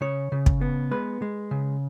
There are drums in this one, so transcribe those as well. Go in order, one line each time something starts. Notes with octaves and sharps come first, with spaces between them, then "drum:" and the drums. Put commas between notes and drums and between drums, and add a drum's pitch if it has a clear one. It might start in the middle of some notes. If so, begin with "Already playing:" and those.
C#3 C#5
C#3
drum: kick
B3
G#3 B4
G#3
C#3